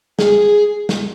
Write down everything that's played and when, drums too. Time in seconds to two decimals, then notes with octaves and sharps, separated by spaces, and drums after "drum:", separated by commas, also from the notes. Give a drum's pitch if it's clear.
0.19 G#4, drum: snare
0.89 drum: snare